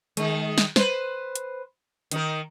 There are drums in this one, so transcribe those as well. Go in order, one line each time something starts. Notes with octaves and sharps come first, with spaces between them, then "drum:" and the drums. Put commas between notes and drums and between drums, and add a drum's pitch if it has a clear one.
D#3 G#3, drum: hi-hat
drum: snare
B4 C5, drum: snare
drum: hi-hat
D#3 D#4 A#4, drum: hi-hat